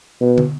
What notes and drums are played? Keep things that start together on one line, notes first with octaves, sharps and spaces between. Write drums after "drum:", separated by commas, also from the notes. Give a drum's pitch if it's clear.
B2
drum: tom